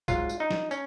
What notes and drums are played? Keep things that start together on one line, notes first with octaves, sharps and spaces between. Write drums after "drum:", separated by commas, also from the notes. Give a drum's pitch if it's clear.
G#2 F#3 F4, drum: kick B1, tambourine
drum: tambourine
D#4
drum: snare
C#4, drum: tambourine